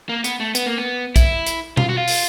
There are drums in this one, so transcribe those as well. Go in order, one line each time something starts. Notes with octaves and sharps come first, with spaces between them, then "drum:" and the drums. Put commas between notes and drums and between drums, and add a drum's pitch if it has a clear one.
A#3
B3, drum: hi-hat
A3
B3, drum: hi-hat
A#3
B3
E4, drum: kick, hi-hat
drum: hi-hat
F4, drum: tom B2
F#4
F4
drum: open hi-hat